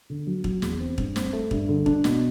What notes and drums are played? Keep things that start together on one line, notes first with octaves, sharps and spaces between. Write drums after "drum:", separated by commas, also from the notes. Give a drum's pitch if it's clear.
D3
F#3
F#3, drum: kick
E2, drum: snare
C4
G2, drum: kick
C4, drum: snare
A3
G2, drum: kick
D3
D4, drum: kick
B2, drum: snare